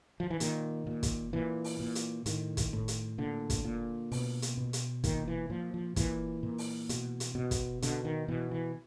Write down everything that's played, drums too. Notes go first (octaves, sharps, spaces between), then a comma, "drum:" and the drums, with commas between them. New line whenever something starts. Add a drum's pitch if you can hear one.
F3
E3
A#2 D#3, drum: hi-hat
A#2
drum: kick, hi-hat
A#2 E3
drum: open hi-hat
A#2
drum: hi-hat
A2 D#3, drum: hi-hat
drum: kick, hi-hat
A2
drum: hi-hat
A#2 D3
drum: kick, hi-hat
A#2
B2, drum: open hi-hat
drum: hi-hat
B2
drum: hi-hat
A#2 D#3, drum: kick, hi-hat
E3
A#2 F3
F3
A#2 E3, drum: kick, hi-hat
A#2
drum: open hi-hat
B2, drum: hi-hat
drum: hi-hat
B2
drum: kick, hi-hat
B2 D3, drum: hi-hat
D#3
B2 E3
E3